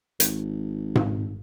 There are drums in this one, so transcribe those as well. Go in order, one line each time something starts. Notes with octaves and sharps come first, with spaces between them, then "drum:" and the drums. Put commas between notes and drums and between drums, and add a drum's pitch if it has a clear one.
G#1, drum: hi-hat
drum: tom G#2